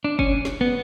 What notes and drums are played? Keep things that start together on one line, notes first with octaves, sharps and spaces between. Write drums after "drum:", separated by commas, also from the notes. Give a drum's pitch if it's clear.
D4
C#4, drum: kick F#1
drum: snare
B3